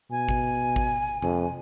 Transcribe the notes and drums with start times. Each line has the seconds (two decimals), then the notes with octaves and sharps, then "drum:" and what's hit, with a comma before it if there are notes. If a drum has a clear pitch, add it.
0.11 B2 G#5
0.28 drum: kick G#1
0.76 drum: kick G#1
1.22 F2, drum: tom C3